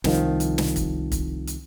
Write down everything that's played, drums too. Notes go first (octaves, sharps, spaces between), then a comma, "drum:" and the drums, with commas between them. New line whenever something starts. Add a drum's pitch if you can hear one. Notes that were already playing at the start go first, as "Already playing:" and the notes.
C2 D#3 F3, drum: snare
drum: hi-hat
drum: snare
drum: kick, hi-hat
drum: kick, hi-hat
drum: hi-hat